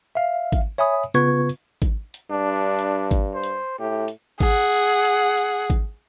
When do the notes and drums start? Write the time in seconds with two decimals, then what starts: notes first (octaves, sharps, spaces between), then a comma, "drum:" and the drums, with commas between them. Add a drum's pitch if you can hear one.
0.15 E5 F5
0.52 drum: kick G#1, hi-hat
0.78 C#5 E5 G#5 B5 D#6
1.14 C#3 B3 F4 B4 C#6 G#6, drum: hi-hat
1.49 drum: hi-hat
1.82 drum: kick G#1, hi-hat
2.14 drum: hi-hat
2.31 G2 D4
2.79 drum: hi-hat
3.11 drum: kick G#1, hi-hat
3.34 C5
3.43 drum: hi-hat
3.79 A2 G4
4.08 drum: hi-hat
4.40 G#4 F#5, drum: kick G#1, hi-hat
4.73 drum: hi-hat
5.05 drum: hi-hat
5.37 drum: hi-hat
5.70 drum: kick G#1, hi-hat